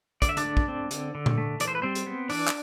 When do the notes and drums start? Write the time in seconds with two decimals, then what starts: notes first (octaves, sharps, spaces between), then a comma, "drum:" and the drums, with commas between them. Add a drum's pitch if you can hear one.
0.22 D3 D5, drum: kick, hi-hat
0.29 E5
0.37 D4 D5, drum: hi-hat
0.45 A3
0.57 drum: kick
0.68 C4
0.91 D3, drum: hi-hat
1.15 D3
1.26 drum: tom A#2
1.38 A3
1.60 E3 D5, drum: hi-hat
1.68 C5
1.75 B4
1.82 G3 C4 C5
1.95 drum: hi-hat
2.06 B3
2.30 E3 D4 D5, drum: open hi-hat
2.47 drum: clap